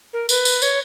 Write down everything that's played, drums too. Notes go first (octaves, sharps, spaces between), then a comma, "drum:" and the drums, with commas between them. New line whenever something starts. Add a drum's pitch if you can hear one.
A#4
B4, drum: tambourine
drum: tambourine
C#5, drum: tambourine